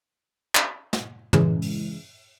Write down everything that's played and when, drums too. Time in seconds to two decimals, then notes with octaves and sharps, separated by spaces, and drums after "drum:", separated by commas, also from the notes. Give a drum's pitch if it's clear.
0.55 drum: clap
0.93 drum: snare
1.33 C#3 E3 G#3, drum: tom
1.62 drum: open hi-hat